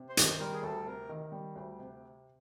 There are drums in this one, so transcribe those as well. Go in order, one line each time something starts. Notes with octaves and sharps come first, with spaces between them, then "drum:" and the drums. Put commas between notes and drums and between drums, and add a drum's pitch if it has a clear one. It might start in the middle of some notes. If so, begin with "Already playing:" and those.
Already playing: C3
C5
D#3, drum: hi-hat
G3 A#4
G#4
D2 A4
C3 A#4
D#3
G3
D2
C3